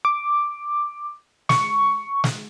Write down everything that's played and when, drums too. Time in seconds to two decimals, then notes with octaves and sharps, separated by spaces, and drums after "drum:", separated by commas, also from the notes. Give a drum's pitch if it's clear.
0.05 D6
1.49 C#6, drum: snare
2.24 drum: snare